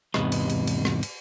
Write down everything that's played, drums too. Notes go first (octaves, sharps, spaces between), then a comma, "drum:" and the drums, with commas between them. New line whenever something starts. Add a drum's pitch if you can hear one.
E2 G#2 C3 B4 D#5, drum: rim click
drum: cymbal
drum: cymbal
drum: cymbal
drum: rim click
drum: cymbal